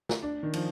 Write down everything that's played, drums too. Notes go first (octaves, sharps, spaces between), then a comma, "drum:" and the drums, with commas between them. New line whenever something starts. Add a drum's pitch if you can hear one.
drum: snare
D4
D#3
F3, drum: cymbal